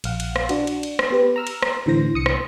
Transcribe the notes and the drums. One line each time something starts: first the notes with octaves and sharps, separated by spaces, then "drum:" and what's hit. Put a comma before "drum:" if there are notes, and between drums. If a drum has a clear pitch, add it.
A#1 F5 F#5, drum: cymbal
drum: cymbal
drum: rim click
D4 F#4, drum: cymbal
drum: cymbal
drum: cymbal
drum: rim click
B3 G4 B4
A#5 E6 F6
drum: cymbal
drum: rim click
A2 D3 E3 C5 A#6
C2 D#6 C#7
drum: rim click